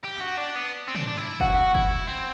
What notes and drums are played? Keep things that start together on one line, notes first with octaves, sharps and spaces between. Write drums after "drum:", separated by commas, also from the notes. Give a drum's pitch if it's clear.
G4
F#4
D4
B3
C4
D4, drum: tom
D4
E4
F#4 F#5, drum: kick
E4, drum: kick
C4